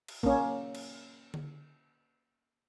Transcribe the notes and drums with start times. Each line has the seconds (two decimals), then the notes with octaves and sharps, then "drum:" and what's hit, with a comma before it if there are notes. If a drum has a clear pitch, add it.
0.08 drum: cymbal
0.23 A#3 C#4, drum: kick
0.75 drum: cymbal
1.34 drum: tom D3